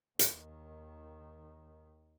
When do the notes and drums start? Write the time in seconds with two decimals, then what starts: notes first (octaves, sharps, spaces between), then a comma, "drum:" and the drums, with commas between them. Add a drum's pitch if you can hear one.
0.19 D#2 D#3, drum: hi-hat